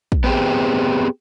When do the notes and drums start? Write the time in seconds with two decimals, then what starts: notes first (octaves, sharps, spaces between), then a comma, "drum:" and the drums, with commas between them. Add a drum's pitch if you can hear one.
0.12 drum: kick
0.24 B3 C4 G4 G#4